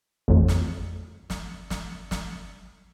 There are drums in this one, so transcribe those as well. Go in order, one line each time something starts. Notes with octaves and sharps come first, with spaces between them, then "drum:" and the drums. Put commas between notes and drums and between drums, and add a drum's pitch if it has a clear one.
A1 F2
drum: snare
drum: snare
drum: snare
drum: snare